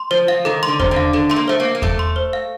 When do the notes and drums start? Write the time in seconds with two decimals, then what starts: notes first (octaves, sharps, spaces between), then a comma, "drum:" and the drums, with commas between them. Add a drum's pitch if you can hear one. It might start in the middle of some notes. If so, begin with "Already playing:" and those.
Already playing: C6
0.11 F3 C5
0.28 F3 F5
0.45 D#3 A4
0.63 C6
0.68 D3
0.80 C3 C5, drum: kick E2
0.91 D3
0.96 F5
1.13 D3 A4
1.29 A3 C6
1.36 A#3
1.48 A3 C5
1.60 A#3
1.65 F5
1.75 A#3
1.82 A3 A4, drum: kick E2
1.99 C6
2.16 C5
2.33 F5